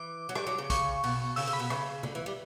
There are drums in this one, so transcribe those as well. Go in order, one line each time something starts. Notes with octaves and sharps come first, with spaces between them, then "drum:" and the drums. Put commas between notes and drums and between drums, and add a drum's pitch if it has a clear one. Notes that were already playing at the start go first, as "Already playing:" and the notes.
Already playing: E3 D6
F#3
G3 D6, drum: rim click
F#3
C#3
C#3 C#6, drum: kick, hi-hat
B2, drum: open hi-hat
C#3 E6, drum: open hi-hat
C#3
B5
B2
C#3, drum: rim click
D3, drum: tom C3
E3
G3